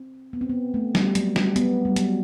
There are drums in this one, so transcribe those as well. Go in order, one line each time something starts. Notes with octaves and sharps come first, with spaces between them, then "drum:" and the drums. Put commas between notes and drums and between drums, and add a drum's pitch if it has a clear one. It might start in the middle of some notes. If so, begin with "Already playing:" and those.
Already playing: C4
B3
C4
B3
A3
G3, drum: snare
F#3, drum: hi-hat
G3, drum: snare
B3, drum: hi-hat
G3
F#3, drum: hi-hat